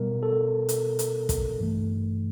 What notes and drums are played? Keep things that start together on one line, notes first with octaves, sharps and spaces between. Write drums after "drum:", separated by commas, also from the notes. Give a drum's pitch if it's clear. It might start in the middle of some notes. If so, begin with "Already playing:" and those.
Already playing: B2 G3 B3 A#4
A4
drum: hi-hat
drum: hi-hat
drum: kick, hi-hat
G2 E3 A3